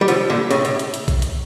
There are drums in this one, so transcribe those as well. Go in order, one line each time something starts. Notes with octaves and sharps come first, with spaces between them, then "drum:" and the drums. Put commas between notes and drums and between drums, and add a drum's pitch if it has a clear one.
G3
D3 F3, drum: hi-hat
A#2 D3
A2 C#3, drum: hi-hat
A2, drum: hi-hat
drum: hi-hat
drum: hi-hat
drum: kick A#1, hi-hat
drum: hi-hat